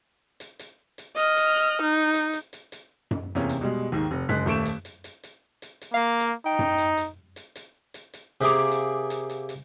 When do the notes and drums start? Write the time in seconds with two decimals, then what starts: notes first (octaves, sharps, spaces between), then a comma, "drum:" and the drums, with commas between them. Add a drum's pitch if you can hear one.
0.40 drum: hi-hat
0.59 drum: hi-hat
0.98 drum: hi-hat
1.16 D#5 F6, drum: hi-hat
1.37 drum: hi-hat
1.56 drum: hi-hat
1.81 D#4
2.14 drum: hi-hat
2.33 drum: hi-hat
2.53 drum: hi-hat
2.72 drum: hi-hat
3.11 drum: tom F#2
3.35 E2 C3 A#3 C#4
3.49 drum: hi-hat
3.61 B2 G3 G#3
3.92 D#2 G#2 D#3
4.11 F1
4.29 F#1 G#3 F#6 B6, drum: tom F#2
4.46 D#1 A3 C#6 D7 E7
4.65 drum: hi-hat
4.85 drum: hi-hat
5.04 drum: hi-hat
5.24 drum: hi-hat
5.62 drum: hi-hat
5.82 drum: hi-hat
5.94 A#3 F5
6.20 drum: hi-hat
6.46 D#4 G5
6.59 drum: tom F#2
6.78 drum: hi-hat
6.98 drum: hi-hat
7.36 drum: hi-hat
7.56 drum: hi-hat
7.94 drum: hi-hat
8.14 drum: hi-hat
8.41 C3 A#3 G#4 D6
8.72 drum: hi-hat
9.10 drum: hi-hat
9.30 drum: hi-hat
9.49 drum: hi-hat